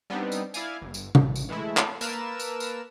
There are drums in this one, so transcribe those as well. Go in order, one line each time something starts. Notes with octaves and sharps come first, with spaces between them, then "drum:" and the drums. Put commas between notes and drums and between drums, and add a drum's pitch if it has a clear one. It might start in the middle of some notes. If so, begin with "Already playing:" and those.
G3 B3 C4 D4 D#4
drum: tambourine
E4 D5 F5 G#5, drum: tambourine
G1
drum: tambourine
A1, drum: tom C3
drum: tambourine
E3 G#3 A3 E4
drum: clap
A#3 A#4 B4 A5 E6 E7, drum: tambourine
drum: tambourine
drum: tambourine